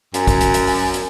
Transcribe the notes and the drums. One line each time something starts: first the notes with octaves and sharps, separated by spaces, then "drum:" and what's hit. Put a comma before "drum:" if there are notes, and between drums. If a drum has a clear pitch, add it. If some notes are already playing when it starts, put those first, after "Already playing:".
F#2 G#5, drum: hi-hat
drum: kick, hi-hat
drum: hi-hat
drum: hi-hat
drum: open hi-hat
drum: hi-hat